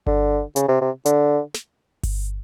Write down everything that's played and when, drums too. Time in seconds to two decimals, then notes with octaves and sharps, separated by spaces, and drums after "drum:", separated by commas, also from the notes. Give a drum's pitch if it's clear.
0.07 D3, drum: kick G1
0.56 C#3, drum: hi-hat
0.68 C3
0.81 C3
1.06 D3, drum: hi-hat
1.54 drum: snare
2.03 drum: kick G1, open hi-hat